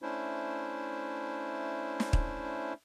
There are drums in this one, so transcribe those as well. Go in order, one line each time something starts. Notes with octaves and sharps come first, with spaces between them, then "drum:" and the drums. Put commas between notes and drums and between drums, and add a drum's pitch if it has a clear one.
A3 C#4 D4 E4 C5
drum: snare
drum: kick